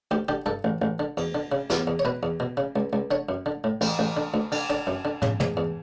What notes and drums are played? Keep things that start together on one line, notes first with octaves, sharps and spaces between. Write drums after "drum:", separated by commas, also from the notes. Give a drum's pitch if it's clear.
D2 G4
D3 G4
G2 A4
A1
A1
D3
E2, drum: cymbal
D3
C#3
E2, drum: snare
E2
C#5
B2 B4
E2
B2
C#3
C#2
C#2
D3 C#5
F#2
D3
A2
A1, drum: cymbal
A1
D3
D2
D3, drum: cymbal
D3 D5
F#2
D3
C#3, drum: tom
E2, drum: tom
E2